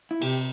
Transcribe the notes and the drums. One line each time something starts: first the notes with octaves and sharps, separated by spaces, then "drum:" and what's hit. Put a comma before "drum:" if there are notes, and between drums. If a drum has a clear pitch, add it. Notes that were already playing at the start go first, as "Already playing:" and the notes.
E4
C3 G4, drum: cymbal